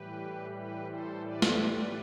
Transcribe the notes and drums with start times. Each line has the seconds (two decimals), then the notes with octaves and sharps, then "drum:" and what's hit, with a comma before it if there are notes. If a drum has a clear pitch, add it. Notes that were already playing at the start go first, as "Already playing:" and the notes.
Already playing: A2 E3 G3 G4 B4
0.50 G4 B4
0.85 A4 C5
1.21 B4 D5
1.42 drum: snare